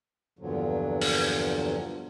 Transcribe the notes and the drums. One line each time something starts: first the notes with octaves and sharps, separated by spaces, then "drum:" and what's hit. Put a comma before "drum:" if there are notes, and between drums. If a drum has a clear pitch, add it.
E2 G2 A#2 D3 F3 F#3
drum: open hi-hat